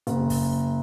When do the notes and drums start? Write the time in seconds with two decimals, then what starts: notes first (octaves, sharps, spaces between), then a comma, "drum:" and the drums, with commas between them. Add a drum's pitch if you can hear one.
0.07 F#1, drum: hi-hat
0.30 drum: kick, open hi-hat